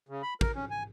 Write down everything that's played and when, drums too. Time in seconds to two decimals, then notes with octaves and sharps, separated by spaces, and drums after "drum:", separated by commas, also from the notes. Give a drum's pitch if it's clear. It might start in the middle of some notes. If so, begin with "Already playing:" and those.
0.09 C#3
0.22 B5
0.41 A#4, drum: kick
0.55 C#4
0.70 G#5